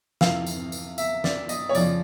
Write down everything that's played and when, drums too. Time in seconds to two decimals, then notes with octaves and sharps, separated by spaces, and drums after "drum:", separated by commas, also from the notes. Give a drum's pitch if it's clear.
0.21 F2 C3 E3 F5, drum: snare
0.47 drum: tambourine
0.72 drum: tambourine
0.98 E5, drum: tambourine
1.24 D5, drum: snare
1.49 D#5, drum: tambourine
1.69 C#5
1.75 F2 C#3 F3 D5, drum: tambourine